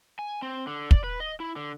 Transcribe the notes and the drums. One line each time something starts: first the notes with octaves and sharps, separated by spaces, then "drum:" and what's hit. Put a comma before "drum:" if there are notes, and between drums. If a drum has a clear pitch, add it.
G#5
C4
D3
D5, drum: kick
B4
D#5
E4
D3